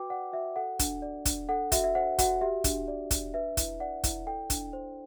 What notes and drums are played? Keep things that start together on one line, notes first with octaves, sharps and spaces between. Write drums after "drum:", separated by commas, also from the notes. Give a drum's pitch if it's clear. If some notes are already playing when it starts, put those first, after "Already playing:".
Already playing: F#4 B4 G5 D6
D5 F#5
F#4 E5
A4 F#5
D4, drum: kick, hi-hat
D5
D4, drum: kick, hi-hat
A4 F#5
F#4 E5, drum: kick, hi-hat
E5
C5 F#5
F#4 F#5, drum: kick, hi-hat
G4 E5
D4, drum: kick, hi-hat
D5
D4, drum: kick, hi-hat
B4 E5
E4, drum: kick, hi-hat
D5 F#5
E4, drum: kick, hi-hat
A4 G5
D4, drum: kick, hi-hat
C5